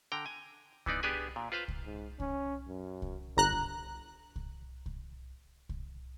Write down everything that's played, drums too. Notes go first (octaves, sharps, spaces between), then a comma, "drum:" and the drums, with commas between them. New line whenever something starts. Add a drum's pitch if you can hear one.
D3 G5 A#5
G#5
E3 B3 D#4 D5, drum: kick C2
B3 D4 G4 G#4 B4 G#5
A#2
F4 B4 C5 F5
drum: kick C2
G#2
C#4, drum: kick C2
F#2
drum: kick C2
G1 A#5 F#6
drum: kick C2
drum: kick C2
drum: kick C2
drum: kick C2